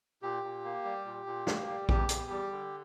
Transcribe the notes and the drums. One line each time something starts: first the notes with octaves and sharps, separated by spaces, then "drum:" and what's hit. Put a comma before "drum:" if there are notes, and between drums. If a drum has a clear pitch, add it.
A#2 G4
A#2
A#3
G3
A#2
A#2
A#3, drum: snare
G3
E2 G4, drum: kick
E2, drum: hi-hat
G3
D3